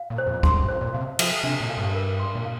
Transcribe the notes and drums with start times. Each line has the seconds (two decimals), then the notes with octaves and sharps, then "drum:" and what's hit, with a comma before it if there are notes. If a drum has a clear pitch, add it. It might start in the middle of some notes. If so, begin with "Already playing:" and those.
Already playing: F5
0.10 A#2
0.18 C5
0.26 F2
0.43 F2 C6, drum: kick
0.56 G2
0.69 F2 C5
0.81 A#2
0.93 C3 F5
1.19 F3 F5, drum: cymbal
1.44 C3 D4
1.61 A#2
1.69 F5
1.77 G2
1.94 A#4
2.20 C6
2.35 A#2
2.45 F5